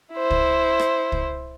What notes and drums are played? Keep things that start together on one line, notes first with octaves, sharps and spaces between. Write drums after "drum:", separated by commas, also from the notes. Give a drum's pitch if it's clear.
E4 C5
drum: kick
drum: rim click
drum: kick